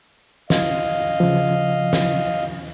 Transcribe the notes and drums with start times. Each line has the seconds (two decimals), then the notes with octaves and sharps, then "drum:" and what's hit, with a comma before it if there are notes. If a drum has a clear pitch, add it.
0.50 D#5 F5, drum: snare
1.20 C#3 F3
1.93 drum: snare